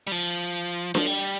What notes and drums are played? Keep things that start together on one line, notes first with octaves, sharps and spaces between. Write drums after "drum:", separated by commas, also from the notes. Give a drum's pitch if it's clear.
G3
F3
F3, drum: snare D4
G3